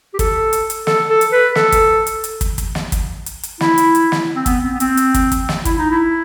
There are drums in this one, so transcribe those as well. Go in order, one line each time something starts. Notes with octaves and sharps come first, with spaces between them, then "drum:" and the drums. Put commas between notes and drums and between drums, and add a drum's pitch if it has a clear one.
G4
A4, drum: kick, hi-hat
drum: hi-hat
drum: hi-hat
A4, drum: snare
A4
drum: hi-hat
B4
A4, drum: snare
drum: kick, hi-hat
drum: hi-hat
drum: hi-hat
drum: kick, hi-hat
drum: kick, hi-hat
drum: snare
drum: kick, hi-hat
drum: hi-hat
drum: hi-hat
E4, drum: snare
drum: hi-hat
drum: hi-hat
drum: snare
C4
B3, drum: kick, hi-hat
C4
B3
C4, drum: hi-hat
drum: hi-hat
drum: kick, hi-hat
drum: kick, hi-hat
drum: snare
E4, drum: kick, hi-hat
D#4
E4